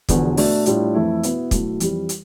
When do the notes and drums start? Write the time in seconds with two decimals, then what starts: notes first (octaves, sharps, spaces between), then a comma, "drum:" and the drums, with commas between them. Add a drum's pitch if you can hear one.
0.09 E1 E2 D3 F3 B3, drum: kick, hi-hat
0.37 B2 A3 D4, drum: open hi-hat
0.66 A2 G3 D4 F4, drum: hi-hat
0.94 F2 E3 A3 E4
1.23 B2 B3 E4, drum: hi-hat
1.51 B1 B2 A3 E4, drum: kick, hi-hat
1.80 F2 E3 G3, drum: hi-hat
2.09 drum: hi-hat